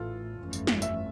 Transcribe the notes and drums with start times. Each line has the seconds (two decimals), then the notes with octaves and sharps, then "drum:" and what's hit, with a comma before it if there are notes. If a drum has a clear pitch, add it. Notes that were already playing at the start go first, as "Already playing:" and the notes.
Already playing: A1 A2 E3 F4 A4
0.39 G1 F2 E3 A3 C#4
0.53 drum: tambourine
0.67 drum: snare
0.82 E5, drum: tambourine